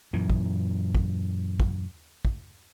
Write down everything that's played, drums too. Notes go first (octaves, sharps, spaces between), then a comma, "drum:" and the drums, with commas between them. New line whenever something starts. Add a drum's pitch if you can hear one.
F#2 A#2 E3
drum: kick
drum: kick
drum: kick
drum: kick